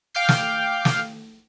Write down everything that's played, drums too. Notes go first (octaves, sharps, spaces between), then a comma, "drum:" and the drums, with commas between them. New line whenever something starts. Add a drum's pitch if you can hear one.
F5 G5 D6 F6 G6 C7
drum: snare
drum: snare